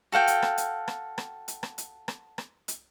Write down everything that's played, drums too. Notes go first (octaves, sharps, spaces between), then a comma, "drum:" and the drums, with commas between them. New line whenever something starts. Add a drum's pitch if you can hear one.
F#4 A4 F5 G5
drum: hi-hat
drum: rim click
drum: hi-hat
drum: rim click
drum: rim click
drum: hi-hat
drum: rim click
drum: hi-hat
drum: rim click
drum: rim click
drum: hi-hat